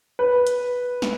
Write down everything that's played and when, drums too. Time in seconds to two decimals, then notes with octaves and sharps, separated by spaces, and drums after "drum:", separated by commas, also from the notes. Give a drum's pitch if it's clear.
0.19 B4
0.47 drum: hi-hat
1.02 drum: snare